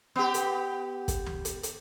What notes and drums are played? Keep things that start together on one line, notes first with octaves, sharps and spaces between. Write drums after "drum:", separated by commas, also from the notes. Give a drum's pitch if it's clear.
B3 G4
drum: hi-hat
drum: kick, hi-hat
drum: tom
drum: hi-hat
drum: hi-hat